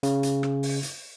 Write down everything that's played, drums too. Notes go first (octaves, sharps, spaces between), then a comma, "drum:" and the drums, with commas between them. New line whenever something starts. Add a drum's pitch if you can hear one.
C#3, drum: hi-hat
drum: hi-hat
drum: rim click
drum: open hi-hat
drum: hi-hat